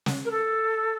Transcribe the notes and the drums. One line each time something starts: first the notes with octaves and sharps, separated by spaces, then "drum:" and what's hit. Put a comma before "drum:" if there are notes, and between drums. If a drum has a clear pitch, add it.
drum: snare
A#4
A4